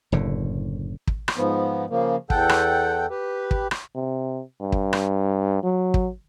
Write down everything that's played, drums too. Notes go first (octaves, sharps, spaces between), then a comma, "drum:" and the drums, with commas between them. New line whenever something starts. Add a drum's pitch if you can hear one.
F#1 A2 D3
drum: kick
drum: rim click
G#2 F3 B3
C#3 F3 A#3
E2 A4 F#5 G5, drum: kick
drum: rim click
G4 B4
drum: kick
drum: rim click
C3
G2
drum: kick
drum: rim click
F#3
drum: kick